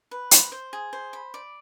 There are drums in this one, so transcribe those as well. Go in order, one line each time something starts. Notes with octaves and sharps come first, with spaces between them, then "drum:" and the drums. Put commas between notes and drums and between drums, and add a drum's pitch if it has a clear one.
B4
C5, drum: hi-hat
C5
G#4
C5
B5
D5